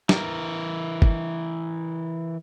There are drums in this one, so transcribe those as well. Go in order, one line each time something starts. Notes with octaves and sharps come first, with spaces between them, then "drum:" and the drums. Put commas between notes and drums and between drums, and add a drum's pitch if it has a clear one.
E3 A#4, drum: snare
drum: kick